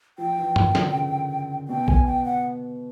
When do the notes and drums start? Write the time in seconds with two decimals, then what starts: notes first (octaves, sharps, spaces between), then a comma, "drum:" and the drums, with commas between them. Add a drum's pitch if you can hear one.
0.18 F3 G5
0.38 E3
0.56 D#3, drum: tom
0.75 D3, drum: snare
0.93 C#3
1.68 B2 G5
1.88 G#5, drum: kick A#1
2.06 G5
2.25 F#5